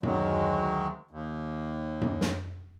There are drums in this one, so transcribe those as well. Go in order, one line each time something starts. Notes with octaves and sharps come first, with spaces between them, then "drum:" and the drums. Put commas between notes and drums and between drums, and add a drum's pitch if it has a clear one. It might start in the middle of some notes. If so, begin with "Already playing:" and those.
D2 D#3 F#3 G#3, drum: tom F#2
D#2
drum: tom F#2
drum: snare